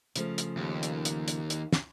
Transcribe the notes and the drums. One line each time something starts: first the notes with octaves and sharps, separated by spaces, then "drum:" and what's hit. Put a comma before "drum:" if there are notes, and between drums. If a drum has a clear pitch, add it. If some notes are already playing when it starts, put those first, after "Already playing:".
C#3 F3 A3, drum: hi-hat
drum: hi-hat
D#2
drum: hi-hat
drum: hi-hat
drum: hi-hat
drum: hi-hat
drum: snare